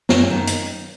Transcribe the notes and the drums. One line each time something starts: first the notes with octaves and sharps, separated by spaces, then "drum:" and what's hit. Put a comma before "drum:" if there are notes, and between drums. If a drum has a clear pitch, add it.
F#2, drum: snare
D#3 A#3
drum: hi-hat